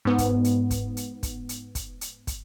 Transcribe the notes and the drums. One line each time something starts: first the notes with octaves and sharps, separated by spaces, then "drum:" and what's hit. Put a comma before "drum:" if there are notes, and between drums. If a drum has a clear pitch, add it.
G#2 B3
drum: kick, hi-hat
drum: hi-hat
drum: kick, hi-hat
drum: hi-hat
drum: kick, hi-hat
drum: hi-hat
drum: kick, hi-hat
drum: hi-hat
drum: kick, hi-hat